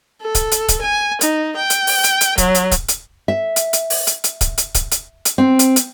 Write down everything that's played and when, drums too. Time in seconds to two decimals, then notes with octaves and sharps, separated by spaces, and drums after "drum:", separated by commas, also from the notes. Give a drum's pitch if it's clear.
0.21 A4
0.35 drum: kick D1, hi-hat
0.52 drum: hi-hat
0.69 drum: kick D1, hi-hat
0.81 G#5
1.21 D#4, drum: hi-hat
1.56 G5
1.70 drum: hi-hat
1.87 drum: open hi-hat
2.04 drum: hi-hat
2.21 drum: hi-hat
2.38 F#3, drum: kick D1, hi-hat
2.55 drum: hi-hat
2.72 drum: kick D1, hi-hat
2.89 drum: hi-hat
3.28 E5
3.56 drum: hi-hat
3.73 drum: hi-hat
3.90 drum: open hi-hat
4.07 drum: hi-hat
4.24 drum: hi-hat
4.41 drum: kick D1, hi-hat
4.58 drum: hi-hat
4.75 drum: kick D1, hi-hat
4.92 drum: hi-hat
5.25 drum: hi-hat
5.38 C4
5.59 drum: hi-hat
5.76 drum: hi-hat